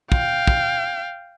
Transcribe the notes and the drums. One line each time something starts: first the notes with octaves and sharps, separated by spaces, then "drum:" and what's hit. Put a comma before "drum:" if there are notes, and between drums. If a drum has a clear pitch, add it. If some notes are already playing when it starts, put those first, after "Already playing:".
F5 G5, drum: kick
drum: kick